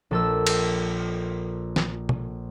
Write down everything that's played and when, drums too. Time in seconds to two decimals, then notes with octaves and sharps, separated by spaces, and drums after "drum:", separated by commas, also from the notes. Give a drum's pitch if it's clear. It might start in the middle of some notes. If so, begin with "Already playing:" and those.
0.11 A#1 A4 E6
0.47 drum: cymbal
1.76 drum: snare
2.09 drum: tom